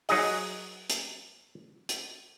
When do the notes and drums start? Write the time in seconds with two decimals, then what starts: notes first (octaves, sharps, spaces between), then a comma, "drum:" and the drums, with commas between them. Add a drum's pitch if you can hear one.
0.09 F#3 D#4 G#4 D#5, drum: open hi-hat
0.90 drum: hi-hat
1.89 drum: hi-hat